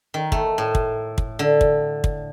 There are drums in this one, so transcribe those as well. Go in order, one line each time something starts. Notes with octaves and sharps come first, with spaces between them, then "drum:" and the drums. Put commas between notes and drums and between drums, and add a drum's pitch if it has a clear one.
D#3
A3, drum: kick
A2
drum: kick
drum: kick
D3
drum: kick
drum: kick